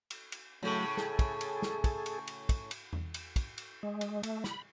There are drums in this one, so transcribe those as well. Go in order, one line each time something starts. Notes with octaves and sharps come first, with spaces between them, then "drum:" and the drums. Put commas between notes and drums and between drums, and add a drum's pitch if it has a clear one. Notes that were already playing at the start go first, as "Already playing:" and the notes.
drum: cymbal
drum: cymbal
A2 C#3 F#3 A3
G#4 A4, drum: snare
drum: kick, cymbal
drum: cymbal
drum: snare
drum: kick, cymbal
drum: cymbal
drum: cymbal
drum: kick, cymbal
drum: cymbal
drum: tom E2
drum: cymbal
drum: kick, cymbal
drum: cymbal
G#3
drum: cymbal
A3, drum: cymbal
B5, drum: snare